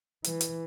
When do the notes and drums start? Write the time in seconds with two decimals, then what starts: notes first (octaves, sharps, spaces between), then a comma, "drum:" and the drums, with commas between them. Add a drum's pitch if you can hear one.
0.24 E3, drum: hi-hat
0.41 drum: hi-hat